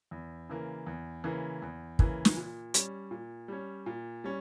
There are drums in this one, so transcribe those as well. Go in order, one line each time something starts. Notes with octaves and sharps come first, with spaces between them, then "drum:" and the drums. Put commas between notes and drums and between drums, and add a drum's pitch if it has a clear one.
E2
C#3 E3 A#3
E2
C#3 E3 A#3
E2
C#3 E3 A#3, drum: kick
drum: snare
A#2
G3 C#4, drum: hi-hat
A#2
G3 C#4
A#2
G3 C#4